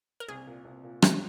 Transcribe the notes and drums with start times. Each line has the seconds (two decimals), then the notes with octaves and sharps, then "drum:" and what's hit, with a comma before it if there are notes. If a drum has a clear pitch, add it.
0.20 A#4
0.28 C2 G#4
0.47 A#2
0.65 C2
0.83 A#2
1.02 F2 A#4, drum: rim click